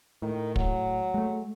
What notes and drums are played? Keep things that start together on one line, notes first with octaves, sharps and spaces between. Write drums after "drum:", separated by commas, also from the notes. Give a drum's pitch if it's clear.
A2 D#3
F#3, drum: kick
G#3 A3